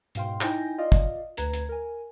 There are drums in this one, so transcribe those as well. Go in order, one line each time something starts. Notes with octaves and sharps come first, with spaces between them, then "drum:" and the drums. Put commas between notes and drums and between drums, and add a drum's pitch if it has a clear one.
G#2 B2 F5 G5 C6, drum: hi-hat
D#4 E4 G5 G#5 G6 A#6, drum: clap
F4 D5 D#5 F5
drum: kick
D2 B4 A#5 G#6, drum: hi-hat
drum: hi-hat
A#4 G#5